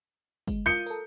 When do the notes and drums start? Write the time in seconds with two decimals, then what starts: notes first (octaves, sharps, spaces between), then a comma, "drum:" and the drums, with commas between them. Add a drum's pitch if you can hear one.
0.48 G#3, drum: kick, tambourine
0.66 F4 A#4 D#6 G6 C#7
0.86 A4 A#4, drum: tambourine